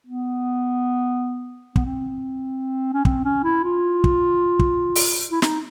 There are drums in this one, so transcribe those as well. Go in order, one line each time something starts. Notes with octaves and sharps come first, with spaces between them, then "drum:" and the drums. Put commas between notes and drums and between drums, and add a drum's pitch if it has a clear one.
B3
B3, drum: kick
C4
C#4
C4, drum: kick
C#4
E4
F4
drum: kick
drum: kick
drum: open hi-hat
E4
D#4, drum: snare